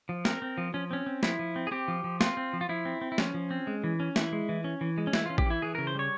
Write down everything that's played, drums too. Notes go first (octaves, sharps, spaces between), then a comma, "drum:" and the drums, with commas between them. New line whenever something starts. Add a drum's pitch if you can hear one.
F3
C4 A#4, drum: snare
C4
F3
F3 C#4
C4 C#4
C4
F3 E4, drum: snare
F3
C4
G#4
C4 G4
F3
F3
C4 F4, drum: snare
C4
F3
F4
F3 E4
C4
C4
E4
F3 C#4, drum: snare
F3
C4
G#3
E3
C#4
E3 E4, drum: snare
G#3
E3
C#4
E3
G#3
C#4
E3 E4, drum: snare
C#4 F4
G4, drum: kick A1
E3 E4
E3 G#4
C#3 A#4
C5
G3 C#5